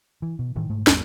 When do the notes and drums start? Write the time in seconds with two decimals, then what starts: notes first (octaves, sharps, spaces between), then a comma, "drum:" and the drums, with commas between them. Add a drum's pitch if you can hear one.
0.22 E3
0.39 B2
0.56 A2 D#3 E3
0.69 G#2 A3
0.87 G#1 E2 G3 B3, drum: snare